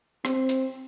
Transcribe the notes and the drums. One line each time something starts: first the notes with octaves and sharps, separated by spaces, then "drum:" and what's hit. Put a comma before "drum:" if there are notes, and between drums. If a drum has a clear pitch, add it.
C4, drum: rim click
drum: hi-hat